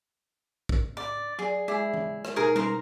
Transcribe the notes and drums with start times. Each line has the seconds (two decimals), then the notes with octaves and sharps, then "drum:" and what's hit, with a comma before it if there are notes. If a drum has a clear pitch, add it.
0.69 drum: kick
0.97 D5
1.39 F#3 G#4 D5
1.68 G#3 E4 G#4 E5 D6
1.94 drum: tom E3
2.25 drum: rim click
2.36 B2 D#4 G#4 A#4
2.56 A#4 C5 A#5, drum: tom G3